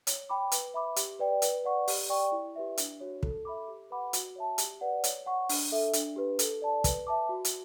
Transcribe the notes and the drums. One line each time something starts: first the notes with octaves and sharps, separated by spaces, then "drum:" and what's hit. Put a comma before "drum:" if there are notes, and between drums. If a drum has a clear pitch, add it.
C#5, drum: hi-hat
G5 B5 D6
B4, drum: hi-hat
E5 B5 D6
G4, drum: hi-hat
B4 D5 G5
B4, drum: hi-hat
D5 F#5 C#6
G4, drum: open hi-hat
D5 G5 C#6
E4
G4 B4 E5
D4, drum: hi-hat
F#4 C#5
A4, drum: kick
E5 B5 D6
G4
B4 F#5 B5 D6
F#4, drum: hi-hat
C#5 E5 A5
G4, drum: hi-hat
B4 D5 F#5
C#5, drum: hi-hat
F#5 C#6
D4, drum: open hi-hat
A4 E5
D4, drum: hi-hat
G4 B4
A4, drum: hi-hat
D5 A5
B4, drum: kick, hi-hat
E5 A5 D6
F#4
drum: hi-hat